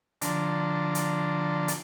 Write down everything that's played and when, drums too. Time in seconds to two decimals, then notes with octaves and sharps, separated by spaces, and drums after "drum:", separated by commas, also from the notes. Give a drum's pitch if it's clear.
0.21 D3 F3 D4 A5 A#5 C6, drum: hi-hat
0.95 drum: hi-hat
1.68 drum: hi-hat